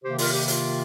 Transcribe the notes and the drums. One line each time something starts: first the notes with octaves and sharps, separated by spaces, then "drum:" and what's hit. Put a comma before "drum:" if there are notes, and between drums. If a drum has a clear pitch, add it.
C3 D#3 A#3 G4 C5
F4 A#4, drum: open hi-hat
G4
F4, drum: hi-hat